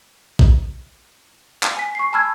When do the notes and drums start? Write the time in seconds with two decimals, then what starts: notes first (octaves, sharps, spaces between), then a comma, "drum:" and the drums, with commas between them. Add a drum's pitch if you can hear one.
0.39 drum: kick A#1
1.63 F6, drum: clap
1.77 G#5 B6
1.95 C#6 C7
2.13 G#5 A5 B5 E6 F6 G#6